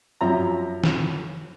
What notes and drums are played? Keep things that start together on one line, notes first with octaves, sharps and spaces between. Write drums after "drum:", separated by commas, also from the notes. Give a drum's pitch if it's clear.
F#2 F3 E5 A#5
drum: snare